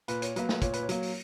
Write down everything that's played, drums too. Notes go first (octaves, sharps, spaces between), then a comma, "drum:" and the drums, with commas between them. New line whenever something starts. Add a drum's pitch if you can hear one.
A#2 B4, drum: hi-hat
C#5, drum: hi-hat
F#3 A#3 B4, drum: hi-hat
drum: snare
A#2 C#5, drum: kick, hi-hat
B4, drum: hi-hat
C#5
F#3 A#3, drum: hi-hat
drum: open hi-hat